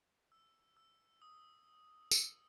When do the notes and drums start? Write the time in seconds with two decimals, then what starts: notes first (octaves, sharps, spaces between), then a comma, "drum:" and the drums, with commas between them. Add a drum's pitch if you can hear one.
0.32 E6
0.77 E6
1.22 D#6
2.11 E6, drum: tambourine